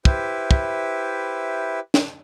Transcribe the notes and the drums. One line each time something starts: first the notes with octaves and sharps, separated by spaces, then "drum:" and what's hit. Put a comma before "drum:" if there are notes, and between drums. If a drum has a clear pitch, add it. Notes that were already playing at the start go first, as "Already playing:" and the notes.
E4 G4 B4 C5 E5, drum: kick
drum: kick
drum: snare